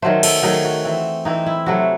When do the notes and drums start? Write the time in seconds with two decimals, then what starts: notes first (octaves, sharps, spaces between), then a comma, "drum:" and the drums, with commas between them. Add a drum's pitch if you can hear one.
0.02 D#3 F#3 A3 C5
0.23 A4, drum: cymbal
0.43 D#3 F#3 A3 G#4
0.64 F#4
0.84 E3 C4
1.25 E3 C4 D#4
1.46 E4
1.66 C3 F#3 A3 F#4